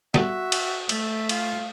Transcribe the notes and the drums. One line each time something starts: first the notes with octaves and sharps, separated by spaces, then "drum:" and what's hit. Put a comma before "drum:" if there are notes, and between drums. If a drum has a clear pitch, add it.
G3 B3 F#4 A4 E5, drum: snare
drum: cymbal
A3 E5, drum: cymbal
F4 F5, drum: cymbal